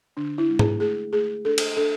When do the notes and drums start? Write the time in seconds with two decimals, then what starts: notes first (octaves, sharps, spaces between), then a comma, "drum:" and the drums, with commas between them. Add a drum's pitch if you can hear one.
0.17 D3 D4
0.38 E4
0.49 G#3
0.59 G#4, drum: tom G#2
0.80 A3 G#4
1.13 A3 G#4
1.45 D4 A4
1.58 drum: cymbal
1.76 D4 A4